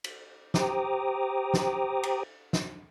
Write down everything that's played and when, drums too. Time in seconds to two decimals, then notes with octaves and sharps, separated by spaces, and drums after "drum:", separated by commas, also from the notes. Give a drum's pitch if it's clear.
0.04 drum: cymbal
0.54 G4 C5 G5 A#5 D6 D#6, drum: snare
1.54 drum: snare
2.03 drum: cymbal
2.53 drum: snare